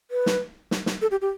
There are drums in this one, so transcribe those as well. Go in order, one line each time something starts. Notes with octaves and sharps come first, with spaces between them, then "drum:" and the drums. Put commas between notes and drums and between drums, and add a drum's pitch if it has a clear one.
B4
drum: snare
drum: snare
drum: snare
A4
G4
G4